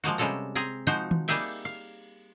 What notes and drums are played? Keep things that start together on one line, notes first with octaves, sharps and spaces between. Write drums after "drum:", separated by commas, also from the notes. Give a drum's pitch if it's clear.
F3 G#3 A#3 F#4
C3 G3 G#3 C#4 A4 A#5
C4 G#4 A#5
F3 G#3 D#4 F#4 C5, drum: open hi-hat
drum: tom D#3
G3 A#3 D#4 G#4 E5 G5, drum: cymbal
F5